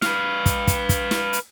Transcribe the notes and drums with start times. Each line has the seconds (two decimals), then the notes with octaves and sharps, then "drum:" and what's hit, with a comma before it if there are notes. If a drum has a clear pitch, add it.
0.02 B4 F5, drum: snare
0.46 drum: kick, hi-hat
0.67 drum: kick, hi-hat
0.89 drum: kick, hi-hat
1.11 drum: snare
1.33 drum: hi-hat